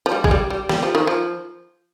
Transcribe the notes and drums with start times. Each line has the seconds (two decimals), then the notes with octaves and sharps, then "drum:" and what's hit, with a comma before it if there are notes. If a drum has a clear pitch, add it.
0.06 F3
0.12 G3
0.24 G#3, drum: kick A1
0.31 G3
0.50 G3
0.69 G3, drum: snare
0.83 F3
0.95 D#3
1.07 F3